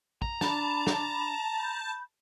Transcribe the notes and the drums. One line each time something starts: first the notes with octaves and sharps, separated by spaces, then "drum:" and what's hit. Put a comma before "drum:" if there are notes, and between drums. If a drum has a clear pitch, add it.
A#5, drum: kick
D4 A5 B5, drum: snare
drum: snare
B5 G6